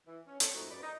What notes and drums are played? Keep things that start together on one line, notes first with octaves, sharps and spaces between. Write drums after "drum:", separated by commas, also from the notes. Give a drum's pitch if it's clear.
E3
C#4
C4 A4 C#5, drum: hi-hat
F2 G#2 A3 D#4 F#4 C5
F#2 B4 D5
D#4